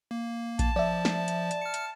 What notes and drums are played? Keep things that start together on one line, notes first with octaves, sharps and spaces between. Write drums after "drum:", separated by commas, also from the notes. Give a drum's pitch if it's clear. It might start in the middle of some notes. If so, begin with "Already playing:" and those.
A#3
A5, drum: kick A#1, hi-hat
F3 D5 E5
drum: snare
drum: hi-hat
drum: hi-hat
F6 C#7
drum: hi-hat